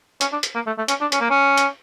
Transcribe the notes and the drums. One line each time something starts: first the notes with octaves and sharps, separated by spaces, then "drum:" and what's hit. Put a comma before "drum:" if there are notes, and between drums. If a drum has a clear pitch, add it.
C#4, drum: hi-hat
D4
drum: hi-hat
A#3
A3
A3
C#4, drum: hi-hat
D4
C#4, drum: hi-hat
A#3
C#4
drum: hi-hat